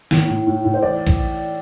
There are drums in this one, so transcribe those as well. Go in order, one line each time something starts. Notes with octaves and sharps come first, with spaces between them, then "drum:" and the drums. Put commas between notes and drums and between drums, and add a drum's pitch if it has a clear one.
A2, drum: snare
A2
A2
A2
C5
E3 D5
drum: kick A#1, cymbal